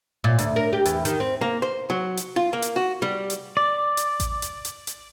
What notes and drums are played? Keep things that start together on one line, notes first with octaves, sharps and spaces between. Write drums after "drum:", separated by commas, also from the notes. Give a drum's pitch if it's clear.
A#2
D2, drum: hi-hat
A#4
G4
E2, drum: hi-hat
D#3, drum: hi-hat
C4
A#3
C5
F#3
drum: hi-hat
F4
A#3
drum: hi-hat
F#4
G3
drum: hi-hat
D5
drum: hi-hat
drum: kick A1, hi-hat
drum: hi-hat
drum: hi-hat
drum: hi-hat